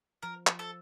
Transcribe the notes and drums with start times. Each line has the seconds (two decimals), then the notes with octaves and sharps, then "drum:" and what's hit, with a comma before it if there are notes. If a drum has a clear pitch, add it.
0.22 F3 A#4
0.47 F3, drum: clap
0.59 A4